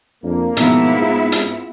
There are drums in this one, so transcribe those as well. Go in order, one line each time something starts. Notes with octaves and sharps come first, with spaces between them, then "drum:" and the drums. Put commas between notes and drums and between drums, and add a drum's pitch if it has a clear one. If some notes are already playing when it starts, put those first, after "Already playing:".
F2 A#3 D4
G#2 B2 F3 B3 C4 E4, drum: hi-hat
F4 G#4
drum: hi-hat